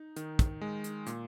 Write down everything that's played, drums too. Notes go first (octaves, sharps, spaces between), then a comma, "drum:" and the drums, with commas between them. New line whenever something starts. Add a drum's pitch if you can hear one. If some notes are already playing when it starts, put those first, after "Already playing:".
Already playing: D#4
D#3, drum: hi-hat
drum: kick, hi-hat
G#3
drum: hi-hat
A#2, drum: hi-hat